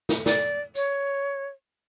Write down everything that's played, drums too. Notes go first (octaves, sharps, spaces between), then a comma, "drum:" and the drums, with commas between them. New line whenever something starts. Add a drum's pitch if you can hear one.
drum: snare
D5, drum: snare
C#5, drum: tambourine